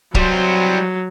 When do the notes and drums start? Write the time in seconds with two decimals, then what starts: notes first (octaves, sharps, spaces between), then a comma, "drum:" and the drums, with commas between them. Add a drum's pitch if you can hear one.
0.15 F#3 G3 C5, drum: kick